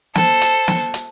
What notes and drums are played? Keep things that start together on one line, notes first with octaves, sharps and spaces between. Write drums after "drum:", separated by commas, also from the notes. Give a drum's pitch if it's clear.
A4 C5, drum: snare
drum: hi-hat
drum: snare
drum: hi-hat